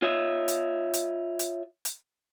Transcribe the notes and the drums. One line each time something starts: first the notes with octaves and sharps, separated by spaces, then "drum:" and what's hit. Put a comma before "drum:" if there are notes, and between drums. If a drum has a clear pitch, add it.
F4 C#5 D#5 E5
drum: hi-hat
drum: hi-hat
drum: hi-hat
drum: hi-hat